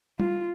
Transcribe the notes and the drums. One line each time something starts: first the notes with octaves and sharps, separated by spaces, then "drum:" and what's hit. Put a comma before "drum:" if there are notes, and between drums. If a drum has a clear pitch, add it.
F4, drum: tom G3